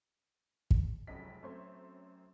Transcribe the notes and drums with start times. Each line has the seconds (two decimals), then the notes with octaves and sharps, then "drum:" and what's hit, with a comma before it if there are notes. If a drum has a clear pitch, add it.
0.71 drum: kick
1.07 F1 C#2 F#2 D#5 B6
1.43 F#2 A3 C4 C5 C#5 C6